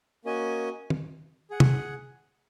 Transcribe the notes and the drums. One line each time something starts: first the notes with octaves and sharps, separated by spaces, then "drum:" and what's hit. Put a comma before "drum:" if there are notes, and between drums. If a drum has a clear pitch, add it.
A#3 C#4 F#4 D#5 G#5
drum: tom
G#4 F#5
drum: tom